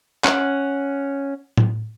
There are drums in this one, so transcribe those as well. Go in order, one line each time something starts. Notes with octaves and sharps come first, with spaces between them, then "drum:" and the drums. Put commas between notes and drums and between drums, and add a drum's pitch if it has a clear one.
C#4 F#5, drum: clap
drum: tom A2